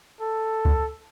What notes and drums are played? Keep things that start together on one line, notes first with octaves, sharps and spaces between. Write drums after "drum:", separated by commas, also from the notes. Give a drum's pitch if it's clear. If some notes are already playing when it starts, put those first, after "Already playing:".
A4
drum: kick C#2